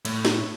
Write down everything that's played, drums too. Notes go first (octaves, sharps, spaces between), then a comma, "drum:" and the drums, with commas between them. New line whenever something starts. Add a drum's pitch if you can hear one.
A2, drum: cymbal
drum: snare